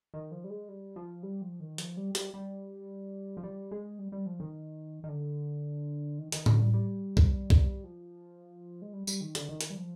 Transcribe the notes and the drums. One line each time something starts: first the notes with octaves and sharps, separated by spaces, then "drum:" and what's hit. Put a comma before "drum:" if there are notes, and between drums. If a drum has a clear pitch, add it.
D#3
F3
G3
G#3
G3
F3
G3
F3
D#3
F3, drum: hi-hat
G3
G3, drum: hi-hat
G3
F3
G3
G#3
G3
G3
F3
D#3
D#3
D3
D#3
D#3, drum: hi-hat
D3, drum: tom A2
G3
G3
drum: kick B1
drum: kick B1
F3
G#3
G3
G3, drum: tambourine
D#3
D3, drum: hi-hat
D#3
drum: hi-hat
G3
F3